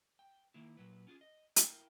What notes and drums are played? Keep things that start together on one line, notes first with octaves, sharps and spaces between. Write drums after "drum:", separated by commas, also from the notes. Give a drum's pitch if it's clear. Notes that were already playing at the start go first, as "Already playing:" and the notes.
G5
D#3 A#3 E4
A#2 F#3 B4
C#4 F4 F#4 G#4
D#5
E4 A#4 F5 G5, drum: hi-hat